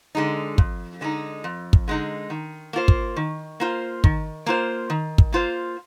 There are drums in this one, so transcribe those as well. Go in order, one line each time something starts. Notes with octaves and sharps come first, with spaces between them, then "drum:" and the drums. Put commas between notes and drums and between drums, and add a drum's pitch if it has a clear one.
D3 G#3 D#4
F2, drum: kick
D3 G#3 D#4
F2
drum: kick
D3 G#3 D#4
D#3
A#3 F4 C5
drum: kick
D#3
A#3 F4 C5
D#3, drum: kick
A#3 F4 C5
D#3
drum: kick
A#3 F4 C5